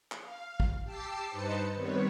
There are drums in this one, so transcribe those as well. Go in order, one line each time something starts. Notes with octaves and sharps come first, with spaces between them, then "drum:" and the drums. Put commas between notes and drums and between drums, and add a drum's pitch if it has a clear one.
drum: clap
F5
drum: kick
G4 A5 D6 E6 C7
G2 D#4 B4 C5 A5 C#7
D#3 G3 B3 C4 B4 C#5